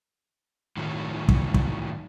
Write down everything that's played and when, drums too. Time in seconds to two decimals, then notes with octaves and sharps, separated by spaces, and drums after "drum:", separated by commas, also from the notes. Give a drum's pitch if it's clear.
0.77 A2 D#3 F#3
1.29 drum: kick
1.54 drum: kick